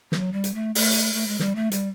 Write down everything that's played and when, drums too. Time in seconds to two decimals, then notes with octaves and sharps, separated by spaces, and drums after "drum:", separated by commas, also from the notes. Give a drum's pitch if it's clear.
0.12 F#3, drum: snare
0.33 G3
0.44 drum: hi-hat
0.54 A3
0.75 A3, drum: open hi-hat
0.92 drum: hi-hat
1.14 A3
1.28 G#3
1.39 G3, drum: snare
1.55 A3
1.72 G3, drum: hi-hat